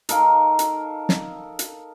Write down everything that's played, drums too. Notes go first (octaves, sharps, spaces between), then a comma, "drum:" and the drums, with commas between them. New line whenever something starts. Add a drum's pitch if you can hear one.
D#4 A4 A#4 F5, drum: hi-hat
drum: hi-hat
drum: snare
drum: hi-hat